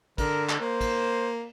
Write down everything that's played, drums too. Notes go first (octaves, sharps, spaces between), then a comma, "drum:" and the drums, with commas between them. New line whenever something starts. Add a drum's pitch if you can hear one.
D3 A#4, drum: kick, cymbal
drum: clap
A#3 C5
drum: kick, cymbal